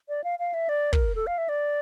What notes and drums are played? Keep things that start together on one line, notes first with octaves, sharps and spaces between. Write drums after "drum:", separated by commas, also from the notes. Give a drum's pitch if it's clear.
D5
F5
F5
E5
D5
A#4, drum: kick
A4
F5
E5
D5